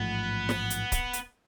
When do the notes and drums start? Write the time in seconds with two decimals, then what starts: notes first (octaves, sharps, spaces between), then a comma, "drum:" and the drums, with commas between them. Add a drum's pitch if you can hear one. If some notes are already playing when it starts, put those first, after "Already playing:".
Already playing: A1 G#2 F3 A3 B3
0.49 drum: snare
0.70 drum: hi-hat
0.92 drum: kick C#1, hi-hat
1.13 drum: hi-hat